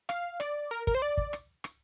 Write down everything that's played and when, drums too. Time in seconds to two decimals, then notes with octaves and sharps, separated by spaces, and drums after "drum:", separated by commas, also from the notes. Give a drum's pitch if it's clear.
0.09 F5, drum: rim click
0.40 D5, drum: rim click
0.71 A#4
0.87 A#4, drum: kick
0.95 C5
1.02 D5
1.17 drum: kick
1.33 drum: rim click
1.64 drum: rim click